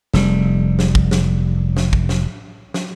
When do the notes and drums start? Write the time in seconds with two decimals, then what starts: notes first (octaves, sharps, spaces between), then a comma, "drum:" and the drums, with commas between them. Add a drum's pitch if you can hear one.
0.14 F1 G3, drum: snare
0.79 drum: snare
0.95 drum: kick
1.11 drum: snare
1.77 drum: snare
1.93 drum: kick
2.09 drum: snare
2.74 drum: snare